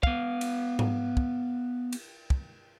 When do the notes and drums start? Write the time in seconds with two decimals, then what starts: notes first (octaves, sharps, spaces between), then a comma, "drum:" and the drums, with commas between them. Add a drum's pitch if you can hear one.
0.03 B3 F5, drum: kick
0.41 drum: cymbal
0.79 drum: tom G#2
1.17 drum: kick
1.92 drum: cymbal
2.30 drum: kick